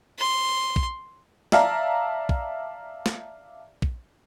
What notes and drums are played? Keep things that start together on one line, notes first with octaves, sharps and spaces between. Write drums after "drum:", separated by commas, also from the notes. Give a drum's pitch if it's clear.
C6
drum: kick
D5 E5 F5 A5 A#5, drum: snare
drum: kick
drum: snare
drum: kick